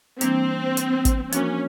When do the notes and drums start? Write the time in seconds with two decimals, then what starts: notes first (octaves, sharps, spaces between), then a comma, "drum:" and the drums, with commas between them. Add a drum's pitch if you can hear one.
0.21 E3 G3 A#3 C4 D4, drum: hi-hat
0.77 drum: hi-hat
1.05 drum: kick, hi-hat
1.32 F3 A#3 C#4 D4 F#4 A#4, drum: hi-hat